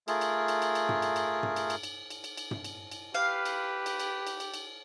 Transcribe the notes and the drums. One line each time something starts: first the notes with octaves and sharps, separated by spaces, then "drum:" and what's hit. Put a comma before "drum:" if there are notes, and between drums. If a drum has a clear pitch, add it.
A3 F4 G#4 A#4, drum: cymbal
drum: cymbal
drum: cymbal
drum: cymbal
drum: cymbal
drum: tom
drum: cymbal
drum: cymbal
drum: tom
drum: cymbal
drum: cymbal
drum: cymbal
drum: cymbal
drum: cymbal
drum: cymbal
drum: tom
drum: cymbal
drum: cymbal
G4 B4 F5
drum: cymbal
drum: cymbal
drum: cymbal
drum: cymbal
drum: cymbal
drum: cymbal